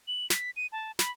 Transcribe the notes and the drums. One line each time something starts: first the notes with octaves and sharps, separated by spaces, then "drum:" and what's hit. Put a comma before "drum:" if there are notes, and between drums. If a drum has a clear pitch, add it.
F#7
B6, drum: snare
D#7
A5
B5, drum: snare